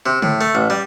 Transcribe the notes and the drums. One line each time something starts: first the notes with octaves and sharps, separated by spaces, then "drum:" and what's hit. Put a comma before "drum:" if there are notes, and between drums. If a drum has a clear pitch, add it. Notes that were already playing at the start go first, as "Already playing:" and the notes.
C3
A2, drum: tom C#3
A3
A1
G3